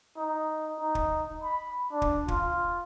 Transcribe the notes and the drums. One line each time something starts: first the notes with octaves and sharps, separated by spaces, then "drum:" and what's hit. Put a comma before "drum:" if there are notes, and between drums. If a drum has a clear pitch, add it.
D#4
D#4
drum: kick
B5
D4
drum: kick
F4, drum: kick